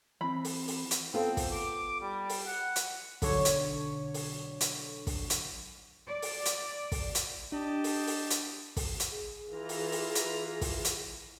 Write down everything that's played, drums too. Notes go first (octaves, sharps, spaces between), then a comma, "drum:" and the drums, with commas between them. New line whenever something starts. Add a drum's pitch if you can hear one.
E3 C4 B5
drum: open hi-hat
drum: open hi-hat
drum: hi-hat
B3 C4 F4 A4
drum: kick, open hi-hat
D6
G3
drum: open hi-hat
F#5
drum: hi-hat
B1 D3 C#5, drum: kick, open hi-hat
drum: hi-hat
drum: open hi-hat
drum: hi-hat
drum: kick, open hi-hat
drum: hi-hat
D5
drum: open hi-hat
drum: hi-hat
drum: kick, open hi-hat
drum: hi-hat
D4 G4 D#5 A5
drum: open hi-hat
drum: open hi-hat
drum: hi-hat
drum: kick, open hi-hat
drum: hi-hat
G#4
E3 F4 A#5
drum: open hi-hat
drum: open hi-hat
drum: hi-hat
drum: kick, open hi-hat
drum: hi-hat